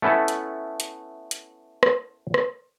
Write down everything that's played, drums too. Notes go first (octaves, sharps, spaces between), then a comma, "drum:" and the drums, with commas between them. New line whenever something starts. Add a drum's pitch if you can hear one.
A3 B3 C#4 E4 A4 A5
drum: hi-hat
drum: hi-hat
drum: hi-hat
drum: rim click
drum: rim click